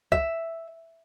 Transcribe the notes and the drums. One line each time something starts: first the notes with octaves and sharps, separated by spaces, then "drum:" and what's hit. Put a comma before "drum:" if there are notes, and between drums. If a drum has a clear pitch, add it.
E5, drum: kick C2